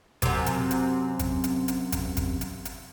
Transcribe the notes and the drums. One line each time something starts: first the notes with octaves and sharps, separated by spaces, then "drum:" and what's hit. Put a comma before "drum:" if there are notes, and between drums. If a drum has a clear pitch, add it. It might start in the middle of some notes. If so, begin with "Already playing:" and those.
F#2 C3, drum: kick, hi-hat
drum: hi-hat
drum: hi-hat
drum: kick, hi-hat
drum: hi-hat
drum: hi-hat
drum: kick, hi-hat
drum: kick, hi-hat
drum: hi-hat
drum: hi-hat